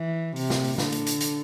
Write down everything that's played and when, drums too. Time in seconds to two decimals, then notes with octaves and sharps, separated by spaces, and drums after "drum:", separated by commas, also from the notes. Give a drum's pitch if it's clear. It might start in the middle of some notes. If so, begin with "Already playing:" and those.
Already playing: E3
0.36 C3, drum: open hi-hat
0.50 drum: snare
0.64 drum: open hi-hat
0.78 D3, drum: snare
0.92 drum: hi-hat
1.07 drum: hi-hat
1.21 drum: hi-hat